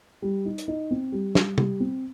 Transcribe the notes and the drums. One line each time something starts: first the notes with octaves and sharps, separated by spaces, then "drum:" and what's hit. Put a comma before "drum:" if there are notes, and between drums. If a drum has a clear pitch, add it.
G3
D#4
drum: hi-hat
D#4
C4
G3
G3, drum: snare
G3, drum: tom
C4